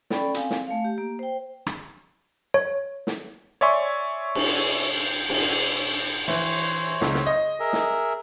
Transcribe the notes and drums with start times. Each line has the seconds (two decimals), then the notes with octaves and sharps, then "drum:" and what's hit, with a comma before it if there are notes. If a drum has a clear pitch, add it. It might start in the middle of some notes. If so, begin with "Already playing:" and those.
0.10 C#4 A4 D5 G5 B5 C#6, drum: snare
0.34 C4 F5 G#5, drum: hi-hat
0.50 drum: snare
0.67 A3 F5
0.85 G4
0.98 A#3
1.19 C5 G5
1.66 drum: rim click
2.54 C#5
3.07 drum: snare
3.61 C#5 D5 E5 G#5 C6 C#6
4.35 drum: cymbal
5.29 drum: cymbal
6.28 E3 C5 C#5
7.01 C#2, drum: snare
7.15 drum: snare
7.26 D#5
7.60 G#4 A#4 E5
7.73 drum: snare